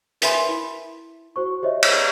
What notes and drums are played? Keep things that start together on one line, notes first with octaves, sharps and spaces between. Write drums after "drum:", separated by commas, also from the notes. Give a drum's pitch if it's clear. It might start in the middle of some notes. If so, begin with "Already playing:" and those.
A#4 B4 E5 G#5 B5 C6, drum: hi-hat
E4
F#4 C5 C#6
G4 C5 C#5 D#5 E5
drum: cymbal